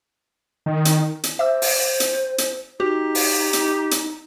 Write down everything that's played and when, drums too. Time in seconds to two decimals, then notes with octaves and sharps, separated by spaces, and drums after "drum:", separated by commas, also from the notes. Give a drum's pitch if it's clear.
0.66 D#3
0.85 drum: hi-hat
1.23 drum: hi-hat
1.39 C5 E5 D6 E6
1.62 drum: open hi-hat
2.00 drum: hi-hat
2.38 drum: hi-hat
2.80 D#4 F#4 G4
3.15 drum: open hi-hat
3.53 drum: hi-hat
3.91 drum: hi-hat